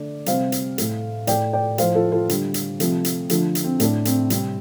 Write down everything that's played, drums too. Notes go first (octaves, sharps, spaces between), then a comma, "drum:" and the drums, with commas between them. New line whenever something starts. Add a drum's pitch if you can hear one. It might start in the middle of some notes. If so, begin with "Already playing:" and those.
Already playing: D3 A3 D5
C3 G3 C5 F5, drum: hi-hat
drum: hi-hat
A2 A3, drum: hi-hat
A2 A3 D5 G5, drum: hi-hat
D5 G5
A2 F3 A3 C5 F5, drum: hi-hat
F4 A4
F4 A4
D3 G3, drum: hi-hat
drum: hi-hat
C3 F3 A3, drum: hi-hat
drum: hi-hat
D3 F3 A3, drum: hi-hat
drum: hi-hat
C4
A2 A3 D4, drum: hi-hat
C4, drum: hi-hat
C3 G3 C4, drum: hi-hat